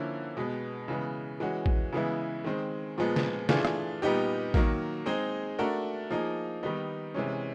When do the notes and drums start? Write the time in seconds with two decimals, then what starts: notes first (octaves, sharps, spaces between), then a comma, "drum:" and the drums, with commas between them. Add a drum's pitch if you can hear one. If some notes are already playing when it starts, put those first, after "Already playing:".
Already playing: D3 F3 A#3 C#4 E4
0.37 B2 G#3 B3
0.88 C#3 E3 G#3 B3
1.40 E3 G#3 C#4 F#4
1.66 drum: kick A1
1.92 C#3 E3 G#3 B3 E4
2.44 D#3 G#3 C4
2.98 A#2 F3 G#3 B3
3.16 drum: snare
3.49 E3 A3 D4 F4 G#4, drum: snare
3.65 drum: rim click
4.02 A#2 G3 B3 D#4 G4
4.54 D#3 F#3 A#3, drum: kick A1
5.06 G#3 C4 D#4 G#4
5.59 A3 D4 F#4 A#4
6.10 F3 A#3 D#4 G#4
6.63 D#3 G3 B3 D#4
7.14 C3 E3 G#3 C#4